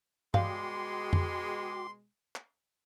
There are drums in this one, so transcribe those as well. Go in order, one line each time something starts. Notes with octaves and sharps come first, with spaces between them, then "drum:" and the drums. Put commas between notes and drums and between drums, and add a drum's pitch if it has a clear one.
B2 G3 G#3 F#4 F5 G5 C6 D6, drum: tom G2
drum: tom F2
drum: clap